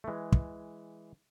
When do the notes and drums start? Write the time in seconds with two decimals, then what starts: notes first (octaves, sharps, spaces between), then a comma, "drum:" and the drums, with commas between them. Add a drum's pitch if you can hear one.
0.04 A3
0.08 E3 G#3
0.32 drum: kick